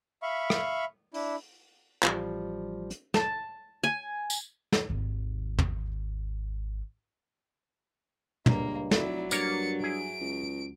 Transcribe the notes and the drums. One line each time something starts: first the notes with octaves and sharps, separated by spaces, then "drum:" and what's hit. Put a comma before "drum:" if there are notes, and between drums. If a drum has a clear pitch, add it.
E5 F5 B5 C#6
drum: rim click
D4 E4, drum: open hi-hat
A1 F3 G3, drum: clap
drum: hi-hat
A5, drum: snare
G#5
drum: tambourine
drum: snare
G#1 D#2
drum: tom
C#2 G2 A#3, drum: tom
F1 F#3 E4 D5, drum: snare
G2 A#3 A#4 C#5 A6 C#7, drum: tambourine
E4 G#4 D7
C#2